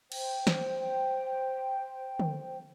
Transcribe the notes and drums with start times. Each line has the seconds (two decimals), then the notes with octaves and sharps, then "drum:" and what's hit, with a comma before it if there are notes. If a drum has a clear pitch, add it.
0.12 C5 G5, drum: cymbal
0.47 drum: snare
2.20 drum: tom D3